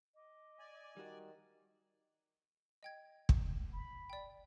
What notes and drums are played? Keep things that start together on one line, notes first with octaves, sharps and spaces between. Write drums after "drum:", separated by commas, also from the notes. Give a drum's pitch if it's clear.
D#5 D6
D5 G#5
D#3 G3 F#4
D#5 G5 G#6
drum: kick
B5
D5 G5